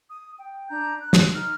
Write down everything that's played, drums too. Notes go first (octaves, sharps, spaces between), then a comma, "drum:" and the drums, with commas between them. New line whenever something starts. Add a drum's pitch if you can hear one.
D#6
G5
D4 A#5 G6
F#6
drum: snare
D#4 F6